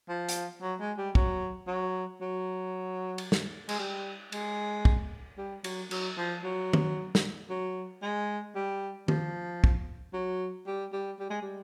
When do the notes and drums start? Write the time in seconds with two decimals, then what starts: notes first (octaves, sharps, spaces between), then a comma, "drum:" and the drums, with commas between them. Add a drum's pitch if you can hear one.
0.09 F3
0.29 drum: hi-hat
0.62 F#3
0.80 G#3
0.97 G3
1.15 F#3, drum: kick
1.67 F#3
2.21 F#3
3.18 drum: cymbal
3.32 drum: snare
3.69 G#3, drum: cymbal
3.79 G3
4.32 G#3, drum: cymbal
4.85 drum: kick
5.38 G3
5.64 F#3, drum: cymbal
5.91 F#3, drum: cymbal
6.18 F3
6.44 F#3
6.73 drum: tom
7.15 drum: snare
7.49 F#3
8.02 G#3
8.55 G3
9.08 F3, drum: tom
9.64 drum: kick
10.13 F#3
10.66 G3
10.93 G3
11.19 G3
11.30 G#3
11.42 G3